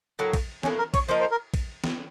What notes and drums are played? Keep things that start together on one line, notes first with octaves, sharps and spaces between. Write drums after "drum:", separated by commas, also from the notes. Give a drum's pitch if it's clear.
A2 F#3 A#3
drum: kick, cymbal
A2 F#3 A#3 C#4, drum: snare
A#4
C#5, drum: kick, cymbal
F3 A#3 D#4 A#4 C5
C5
A#4
drum: kick, cymbal
drum: snare